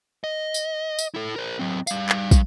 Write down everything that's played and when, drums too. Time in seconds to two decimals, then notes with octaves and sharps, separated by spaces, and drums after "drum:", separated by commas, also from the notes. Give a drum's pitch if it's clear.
0.24 D#5
0.54 drum: tambourine
0.99 drum: tambourine
1.14 E4 A4
1.36 A#4 C5
1.59 F#3 C4
1.87 G3 F5, drum: tambourine
2.09 drum: clap
2.31 drum: kick, tambourine